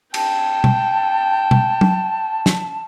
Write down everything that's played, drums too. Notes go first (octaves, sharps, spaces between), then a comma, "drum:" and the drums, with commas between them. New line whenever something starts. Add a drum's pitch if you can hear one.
G5 A5, drum: cymbal
drum: tom B2
drum: tom B2
drum: tom
drum: snare